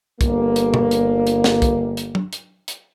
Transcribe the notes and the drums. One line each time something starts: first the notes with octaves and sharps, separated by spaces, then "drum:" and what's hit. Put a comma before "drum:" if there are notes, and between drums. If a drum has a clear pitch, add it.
G1 A#3, drum: kick, hi-hat
drum: hi-hat
drum: tom
drum: hi-hat
drum: hi-hat
drum: snare
drum: kick, hi-hat
drum: hi-hat
drum: tom F#3
drum: hi-hat
drum: hi-hat